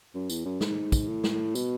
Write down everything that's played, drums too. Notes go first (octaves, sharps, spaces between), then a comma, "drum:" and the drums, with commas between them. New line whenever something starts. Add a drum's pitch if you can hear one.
F#2
E2, drum: tambourine
F#2
G#2, drum: snare
drum: kick, tambourine
A2
drum: snare
B2, drum: tambourine